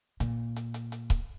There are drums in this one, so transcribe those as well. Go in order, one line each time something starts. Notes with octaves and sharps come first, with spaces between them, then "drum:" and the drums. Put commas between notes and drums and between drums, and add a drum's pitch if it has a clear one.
A#2, drum: hi-hat
drum: hi-hat
drum: hi-hat
drum: hi-hat
drum: kick C#1, hi-hat